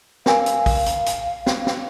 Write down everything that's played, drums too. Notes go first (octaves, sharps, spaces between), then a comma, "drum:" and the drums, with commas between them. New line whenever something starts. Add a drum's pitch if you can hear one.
A#4 F5 G#5 E6, drum: snare
drum: hi-hat
drum: kick, open hi-hat
drum: hi-hat
drum: hi-hat
drum: snare
drum: snare